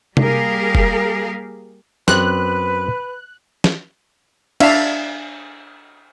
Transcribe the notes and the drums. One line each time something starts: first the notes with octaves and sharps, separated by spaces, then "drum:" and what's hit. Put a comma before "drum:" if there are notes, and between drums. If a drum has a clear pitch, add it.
G3 A#3 G4 G#4 A#4 F5, drum: tom C3
drum: kick
F#2 C4 B4 F#6, drum: snare
drum: snare
D4 E5 F5, drum: cymbal